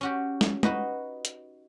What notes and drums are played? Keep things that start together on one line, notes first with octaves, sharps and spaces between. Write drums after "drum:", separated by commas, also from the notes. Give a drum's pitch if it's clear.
C#4 F#4 G4
drum: snare
D#4 F#4 B4 D#5, drum: tom
drum: hi-hat